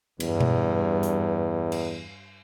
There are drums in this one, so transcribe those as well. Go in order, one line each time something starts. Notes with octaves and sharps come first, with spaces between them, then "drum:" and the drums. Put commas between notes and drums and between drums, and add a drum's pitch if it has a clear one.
E2 G2, drum: cymbal
drum: tom B2
drum: hi-hat
drum: cymbal